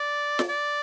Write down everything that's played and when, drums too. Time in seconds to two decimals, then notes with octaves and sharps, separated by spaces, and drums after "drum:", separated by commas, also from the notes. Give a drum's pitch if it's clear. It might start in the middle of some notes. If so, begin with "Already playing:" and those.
Already playing: D5
0.39 drum: snare
0.49 D5